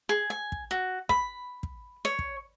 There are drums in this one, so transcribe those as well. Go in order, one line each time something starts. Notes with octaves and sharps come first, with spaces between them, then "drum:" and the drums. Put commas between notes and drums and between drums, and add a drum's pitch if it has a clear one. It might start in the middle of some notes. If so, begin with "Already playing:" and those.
G#4
G#5
drum: kick
F#4
B5, drum: kick
drum: kick
C#5
drum: kick